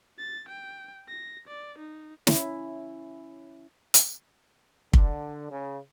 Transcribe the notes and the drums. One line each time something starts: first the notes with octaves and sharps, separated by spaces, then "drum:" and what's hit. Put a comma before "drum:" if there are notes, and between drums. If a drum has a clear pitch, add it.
A6
G5
A#6
D5
D#4
C#4 E4, drum: snare
drum: hi-hat
D3, drum: kick
C#3